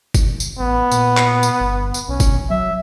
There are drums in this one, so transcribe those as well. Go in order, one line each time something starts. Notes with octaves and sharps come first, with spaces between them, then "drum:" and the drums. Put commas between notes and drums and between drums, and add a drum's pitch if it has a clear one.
drum: kick, tambourine
drum: tambourine
A1 B3
A#2, drum: tambourine
drum: clap
drum: tambourine
G1
drum: tambourine
B1 C#4
drum: kick, tambourine
F#3 E5